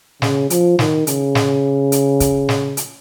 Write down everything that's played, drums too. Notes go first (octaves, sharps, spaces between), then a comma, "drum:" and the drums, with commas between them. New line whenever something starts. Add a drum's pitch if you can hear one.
C#3, drum: snare
F3, drum: hi-hat
D#3, drum: snare
C#3, drum: hi-hat
drum: snare
drum: hi-hat
drum: kick, hi-hat
drum: snare
drum: hi-hat